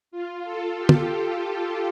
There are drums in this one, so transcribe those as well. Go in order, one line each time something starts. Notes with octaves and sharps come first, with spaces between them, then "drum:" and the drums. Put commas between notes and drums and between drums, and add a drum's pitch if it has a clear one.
F4
A4
G4
drum: tom